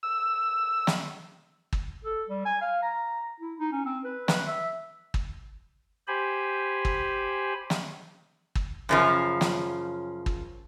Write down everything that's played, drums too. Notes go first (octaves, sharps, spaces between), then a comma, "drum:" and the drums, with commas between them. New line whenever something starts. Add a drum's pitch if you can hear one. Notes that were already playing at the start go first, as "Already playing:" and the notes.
E6
drum: snare
drum: kick
A4
G3
G#5
F5
A#5
E4
D#4
C#4
C4
B4
B4, drum: snare
E5
drum: kick
G4 C5 G#5 B5
drum: kick
drum: snare
drum: kick
F#2 C#3 F3
drum: snare
drum: kick